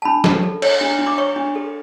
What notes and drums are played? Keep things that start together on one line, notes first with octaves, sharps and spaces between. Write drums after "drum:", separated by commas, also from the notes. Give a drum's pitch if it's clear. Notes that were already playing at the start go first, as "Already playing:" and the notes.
A5
D4 B5
A4, drum: snare
A4
C#5, drum: cymbal
D4
D4
D6
C#5 C#6
D4
A4